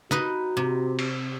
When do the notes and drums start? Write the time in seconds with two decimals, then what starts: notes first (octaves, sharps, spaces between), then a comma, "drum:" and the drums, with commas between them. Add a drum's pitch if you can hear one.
0.11 D#4 F#4 B4 D#5, drum: snare
0.57 C3
0.99 drum: cymbal